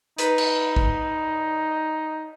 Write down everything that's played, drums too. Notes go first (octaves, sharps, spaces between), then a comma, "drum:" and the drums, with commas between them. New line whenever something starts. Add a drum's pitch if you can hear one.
D#4 B4, drum: hi-hat
drum: cymbal
drum: kick